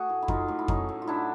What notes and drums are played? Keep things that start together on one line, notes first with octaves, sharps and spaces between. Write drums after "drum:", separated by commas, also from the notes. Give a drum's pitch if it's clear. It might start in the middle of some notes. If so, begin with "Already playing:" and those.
Already playing: A3 F#4 G#4
A2
E4
F#3 D#4 F4, drum: kick F2
A2
E4
A3 C#4 D#4, drum: kick F2
A2
F4
F#3 D4 E4